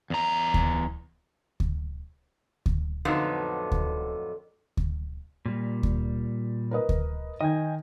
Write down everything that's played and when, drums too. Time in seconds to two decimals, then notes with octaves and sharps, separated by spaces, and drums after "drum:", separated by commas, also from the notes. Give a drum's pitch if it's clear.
0.10 E2 A#5
0.54 drum: kick D2
1.60 drum: kick D2
2.66 drum: kick D2
3.05 F2 A2 D3 F#3 B3 D#4
3.71 drum: kick D2
4.77 drum: kick D2
5.46 A#2 G3
5.83 drum: kick D2
6.71 A#4 B4 D#5
6.89 drum: kick D2
7.41 D#3 D#5 G5 G#5